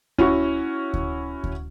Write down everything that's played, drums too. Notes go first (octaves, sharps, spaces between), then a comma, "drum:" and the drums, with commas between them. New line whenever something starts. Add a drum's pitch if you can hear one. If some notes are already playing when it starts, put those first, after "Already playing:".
C#4 E4 F#4, drum: kick D2
drum: kick D2
drum: kick D2